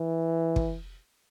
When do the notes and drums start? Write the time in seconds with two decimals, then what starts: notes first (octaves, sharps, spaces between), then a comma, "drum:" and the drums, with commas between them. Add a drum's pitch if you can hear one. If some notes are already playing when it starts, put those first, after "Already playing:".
Already playing: E3
0.56 drum: kick